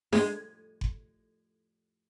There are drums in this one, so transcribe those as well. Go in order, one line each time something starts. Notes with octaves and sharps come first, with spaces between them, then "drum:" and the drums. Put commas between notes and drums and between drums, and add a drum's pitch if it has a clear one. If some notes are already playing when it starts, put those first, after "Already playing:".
G#3, drum: snare D4
drum: kick F#1